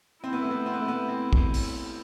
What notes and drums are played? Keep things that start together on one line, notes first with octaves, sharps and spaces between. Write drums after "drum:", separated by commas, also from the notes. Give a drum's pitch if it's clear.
C4 E4
B3
A3
B3
C4
B3
A3
B3
C4
drum: kick
drum: open hi-hat